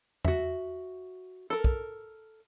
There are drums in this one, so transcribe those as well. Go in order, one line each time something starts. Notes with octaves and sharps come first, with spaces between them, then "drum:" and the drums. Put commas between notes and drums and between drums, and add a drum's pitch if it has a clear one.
F#4 E5, drum: tom E2
A4 A#4
drum: kick